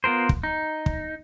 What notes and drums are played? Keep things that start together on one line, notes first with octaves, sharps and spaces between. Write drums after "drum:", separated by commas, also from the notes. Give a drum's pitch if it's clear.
B3 F4 A#4 C5
drum: kick
D#4
drum: kick